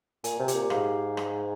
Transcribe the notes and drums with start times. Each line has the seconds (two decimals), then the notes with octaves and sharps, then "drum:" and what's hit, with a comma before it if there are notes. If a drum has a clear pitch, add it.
0.24 A#2 G#5, drum: hi-hat
0.39 C3
0.48 G4, drum: hi-hat
0.55 A#2
0.70 G#2 F5, drum: rim click
1.17 drum: rim click